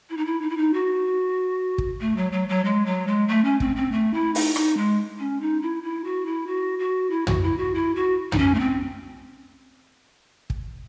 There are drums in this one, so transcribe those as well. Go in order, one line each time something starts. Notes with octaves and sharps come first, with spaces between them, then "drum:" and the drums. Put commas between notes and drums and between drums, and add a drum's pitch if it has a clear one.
E4
D#4
E4
D#4
E4
D#4
F#4
drum: kick
A3
F#3
F#3
F#3
G#3
F#3
G#3
A3
C#4
C4, drum: kick
C4
A3
E4
D#4, drum: open hi-hat
D#4, drum: rim click
G#3
C#4
D#4
E4
E4
F#4
E4
F#4
F#4
E4
F#4, drum: tom
E4
F#4
E4
F#4
D#4, drum: tom
C#4
A3
C4
drum: kick